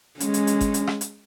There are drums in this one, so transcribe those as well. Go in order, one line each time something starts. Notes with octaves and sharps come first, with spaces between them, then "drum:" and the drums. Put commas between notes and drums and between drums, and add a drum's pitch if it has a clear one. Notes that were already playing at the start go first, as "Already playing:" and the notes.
G#3 C#4, drum: hi-hat
drum: hi-hat
drum: hi-hat
drum: kick G1, hi-hat
drum: hi-hat
drum: rim click
drum: hi-hat